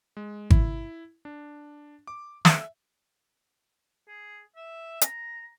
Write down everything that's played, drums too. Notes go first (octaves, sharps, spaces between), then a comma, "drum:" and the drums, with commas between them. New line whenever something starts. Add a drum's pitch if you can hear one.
G#3
E4, drum: kick G#1
D4
D6
E5, drum: snare
G#4
E5
A#5, drum: hi-hat